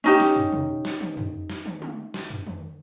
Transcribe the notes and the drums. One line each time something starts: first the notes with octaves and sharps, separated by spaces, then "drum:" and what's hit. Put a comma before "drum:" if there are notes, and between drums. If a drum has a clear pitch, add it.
C#4 D#4 G4
drum: snare
drum: tom
drum: tom
drum: snare
drum: tom
drum: tom
drum: snare
drum: tom
drum: tom
drum: snare
drum: tom
drum: tom